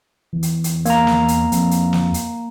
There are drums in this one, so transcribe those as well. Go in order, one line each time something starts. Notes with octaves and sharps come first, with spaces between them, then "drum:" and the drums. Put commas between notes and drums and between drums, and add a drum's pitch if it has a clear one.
E2
drum: hi-hat
drum: hi-hat
A#3 A#5, drum: hi-hat
drum: snare
drum: hi-hat
F2, drum: hi-hat
drum: hi-hat
drum: snare
drum: hi-hat